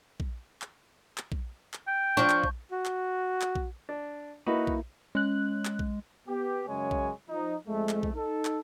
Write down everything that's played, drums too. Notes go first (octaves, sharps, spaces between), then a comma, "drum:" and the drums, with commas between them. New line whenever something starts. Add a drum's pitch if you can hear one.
drum: kick A#1
drum: clap
drum: clap
drum: kick A#1
drum: clap
G5
F3 D4 C#6 G6
drum: clap
drum: kick A#1
F#4
drum: clap
drum: clap
drum: kick A#1
D4
A#3 D#4 E4 F#4 B4
drum: kick A#1
G#3 C#4 F#6
drum: clap
drum: kick A#1
B3 G4
F#2 C#3 G#3 C#5 G#5
drum: kick A#1
F3 D#4
F2 G#3 A3
drum: clap
drum: kick A#1
D#4 A4
drum: clap